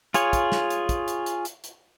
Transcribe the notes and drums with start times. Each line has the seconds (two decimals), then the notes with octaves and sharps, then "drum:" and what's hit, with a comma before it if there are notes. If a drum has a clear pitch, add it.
0.14 F4 G#4 C#5, drum: hi-hat
0.33 drum: kick, hi-hat
0.52 drum: snare
0.70 drum: hi-hat
0.89 drum: kick, hi-hat
1.08 drum: hi-hat
1.26 drum: hi-hat
1.45 drum: hi-hat
1.64 drum: hi-hat